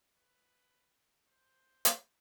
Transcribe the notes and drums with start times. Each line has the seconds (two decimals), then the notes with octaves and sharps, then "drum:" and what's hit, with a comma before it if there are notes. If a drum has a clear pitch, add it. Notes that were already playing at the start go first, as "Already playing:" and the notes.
0.12 B4
1.28 C5
1.85 drum: hi-hat